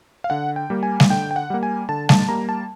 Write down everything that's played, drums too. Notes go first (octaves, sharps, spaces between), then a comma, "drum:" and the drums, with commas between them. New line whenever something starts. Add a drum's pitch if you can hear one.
F5
D3 F#5
G5
G3 A#3
G#5
drum: snare G3
D3 G5
G5
F#5
G3 A#3
G#5
D3 A5
A5, drum: snare G3
G3 A#3 A#5
A5